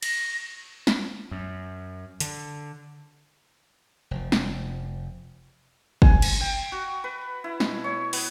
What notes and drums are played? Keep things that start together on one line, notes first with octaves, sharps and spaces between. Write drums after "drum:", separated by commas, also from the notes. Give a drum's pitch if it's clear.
A#6, drum: cymbal
drum: snare
F#2
D3, drum: hi-hat
F1 F3
drum: snare
G#5, drum: kick
drum: cymbal
G5
F#4
B4
E4
B2, drum: snare
C#5
B3, drum: open hi-hat